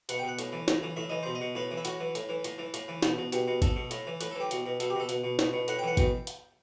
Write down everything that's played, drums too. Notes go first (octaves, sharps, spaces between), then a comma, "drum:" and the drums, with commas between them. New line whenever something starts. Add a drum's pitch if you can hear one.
B2 F#5, drum: hi-hat
G5
B2 F#5
A2, drum: hi-hat
E3
A2, drum: snare
E3
A2 E5
E3 D#5
B2 C5
D#5
B2
A2 B4
E3
E4
A2 F#4, drum: hi-hat
E3
A2, drum: hi-hat
E3
A2, drum: hi-hat
E3
A2, drum: hi-hat
E3
B2, drum: snare
B2
B2 G4, drum: hi-hat
B2
B2 A4, drum: kick, hi-hat
B2
A2, drum: hi-hat
E3
A2 B4, drum: hi-hat
E3 A4
G4
B2, drum: hi-hat
B2
B2 A4, drum: hi-hat
G4
B2
A4
B2, drum: hi-hat
B2
B2, drum: snare
B2
A2 F#5, drum: hi-hat
G5
E3 F#5
B2 G5, drum: kick, hi-hat
drum: hi-hat